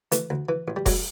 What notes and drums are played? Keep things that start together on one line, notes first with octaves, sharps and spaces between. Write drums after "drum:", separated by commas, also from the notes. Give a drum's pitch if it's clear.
E3 A3, drum: hi-hat
D2
E3
A1
G3
F#3 G#3, drum: kick F1, open hi-hat